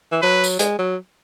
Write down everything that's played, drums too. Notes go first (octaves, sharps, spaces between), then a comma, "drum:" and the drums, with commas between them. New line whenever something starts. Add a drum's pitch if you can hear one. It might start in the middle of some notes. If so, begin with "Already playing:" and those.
E3
F#3 B4
drum: tambourine
G#3, drum: hi-hat
F#3